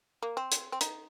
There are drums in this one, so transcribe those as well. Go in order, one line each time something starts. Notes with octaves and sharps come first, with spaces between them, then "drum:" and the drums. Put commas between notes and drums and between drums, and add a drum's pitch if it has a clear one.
A#3
C4
drum: hi-hat
C4
D#4, drum: hi-hat